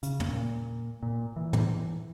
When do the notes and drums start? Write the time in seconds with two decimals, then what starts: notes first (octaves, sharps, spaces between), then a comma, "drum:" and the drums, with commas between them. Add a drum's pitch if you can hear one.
0.03 C#3, drum: hi-hat
0.20 drum: tom
0.29 A#2
1.03 A#2
1.36 E3
1.53 drum: tom